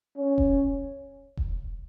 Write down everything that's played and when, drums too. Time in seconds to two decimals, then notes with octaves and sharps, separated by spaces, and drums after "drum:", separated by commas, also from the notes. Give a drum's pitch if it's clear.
0.18 C#4
0.38 drum: kick E1
1.37 drum: kick E1